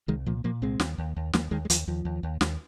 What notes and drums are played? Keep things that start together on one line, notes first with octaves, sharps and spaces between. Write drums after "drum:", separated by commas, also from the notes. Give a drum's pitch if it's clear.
C2 D#3 G#3
A#2 F3 A#3
A#2 F3 A#3
C2 G#3 C4
D#2, drum: snare
D#2
D#2
D#2 F3 A#3, drum: snare
D#2 D#3 G#3
G#3
D#2 F3, drum: hi-hat
D#2 F3
D#2
D#2
D#2, drum: snare